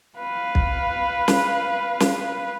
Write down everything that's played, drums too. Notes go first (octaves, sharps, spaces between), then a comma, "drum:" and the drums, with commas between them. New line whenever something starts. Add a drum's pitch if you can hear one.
B4 F5
drum: kick
drum: snare
drum: snare